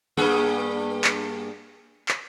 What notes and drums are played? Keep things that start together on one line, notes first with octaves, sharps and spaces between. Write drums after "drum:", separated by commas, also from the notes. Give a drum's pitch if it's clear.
G2 A#3 G#4
drum: clap
drum: clap